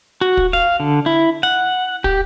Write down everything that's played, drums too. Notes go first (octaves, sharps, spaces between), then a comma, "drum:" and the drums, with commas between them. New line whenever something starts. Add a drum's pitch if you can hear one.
F#4
drum: kick
F5
D3
E4
F#5
G4, drum: kick